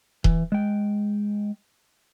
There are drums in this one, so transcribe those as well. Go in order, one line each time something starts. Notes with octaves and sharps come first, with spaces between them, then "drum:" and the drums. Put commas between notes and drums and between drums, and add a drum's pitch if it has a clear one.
E3, drum: kick D#1
G#3 G5